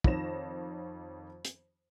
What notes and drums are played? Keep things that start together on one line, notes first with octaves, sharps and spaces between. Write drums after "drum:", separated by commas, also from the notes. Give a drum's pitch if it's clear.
F2 D#3 C#5 A#6 E7, drum: kick
drum: hi-hat